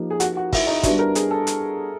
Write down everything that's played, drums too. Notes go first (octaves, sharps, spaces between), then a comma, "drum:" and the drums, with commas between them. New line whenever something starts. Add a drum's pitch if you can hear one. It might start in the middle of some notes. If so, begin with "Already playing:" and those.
Already playing: F3 A#3 D#4 G4
G#4
F#4, drum: hi-hat
F#4
E4, drum: kick, open hi-hat
D#4
G3 B3 D4 E4 F#4, drum: kick, hi-hat
A#4
G#4, drum: hi-hat
A4
drum: hi-hat